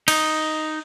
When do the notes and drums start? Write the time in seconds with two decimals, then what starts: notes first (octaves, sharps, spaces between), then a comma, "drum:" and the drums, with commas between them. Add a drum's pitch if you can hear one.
0.08 D#4, drum: cymbal